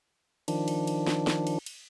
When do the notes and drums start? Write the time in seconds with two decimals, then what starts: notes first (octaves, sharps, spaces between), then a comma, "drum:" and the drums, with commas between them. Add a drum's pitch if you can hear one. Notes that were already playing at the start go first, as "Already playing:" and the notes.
0.48 D#3 F3 D4, drum: cymbal
0.68 drum: cymbal
0.87 drum: cymbal
1.07 drum: snare
1.27 drum: snare
1.47 drum: cymbal
1.66 drum: cymbal